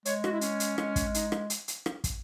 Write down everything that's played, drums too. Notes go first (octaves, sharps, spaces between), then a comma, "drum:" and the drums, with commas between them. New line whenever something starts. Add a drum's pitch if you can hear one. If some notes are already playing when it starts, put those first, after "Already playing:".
G#3 C#5, drum: hi-hat
F#4, drum: rim click
E4
C#4, drum: hi-hat
drum: hi-hat
G#3, drum: rim click
drum: kick, hi-hat
D#4, drum: hi-hat
drum: rim click
drum: hi-hat
drum: hi-hat
drum: rim click
drum: kick, hi-hat